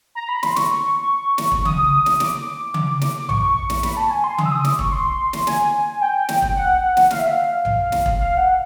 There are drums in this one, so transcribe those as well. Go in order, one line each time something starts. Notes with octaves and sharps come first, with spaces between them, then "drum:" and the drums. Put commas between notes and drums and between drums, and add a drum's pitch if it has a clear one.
A#5
B5
C6, drum: snare
C#6, drum: snare
drum: snare
drum: kick E1
D#6, drum: tom C#3
drum: snare
D6, drum: snare
drum: tom C#3
drum: snare
D6
C#6, drum: tom A#1
C#6
drum: snare
B5, drum: snare
A5
G#5
C6
D#6, drum: tom C#3
E6
D#6
D6, drum: snare
C#6, drum: kick E1
C6
drum: snare
G#5, drum: snare
G5
drum: snare
drum: kick E1
F#5
drum: snare
F5, drum: snare
E5
F5
drum: tom A#1
drum: snare
drum: kick E1
F5
F#5